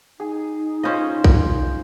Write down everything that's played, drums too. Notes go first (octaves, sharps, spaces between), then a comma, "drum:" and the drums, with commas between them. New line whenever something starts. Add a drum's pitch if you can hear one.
D#4 G#4
C#4 F4 C5 D#5
drum: kick